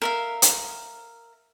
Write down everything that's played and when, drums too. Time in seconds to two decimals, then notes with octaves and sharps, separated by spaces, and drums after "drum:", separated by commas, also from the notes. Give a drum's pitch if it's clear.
0.02 A#4 E5 F5
0.42 drum: hi-hat